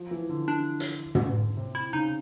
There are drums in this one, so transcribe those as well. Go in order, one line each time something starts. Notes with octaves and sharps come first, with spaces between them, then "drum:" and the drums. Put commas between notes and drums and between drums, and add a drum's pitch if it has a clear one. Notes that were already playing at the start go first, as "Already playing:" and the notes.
Already playing: F3
E3
D3
D4
drum: hi-hat
drum: tom
C3
E4
C#3 D#4